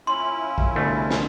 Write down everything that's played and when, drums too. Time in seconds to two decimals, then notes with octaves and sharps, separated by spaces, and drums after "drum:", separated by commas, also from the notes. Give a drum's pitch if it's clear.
0.07 A#2 C#4 E4 C6
0.58 drum: kick
0.75 C2 B2 D3 A3 D4
1.11 drum: snare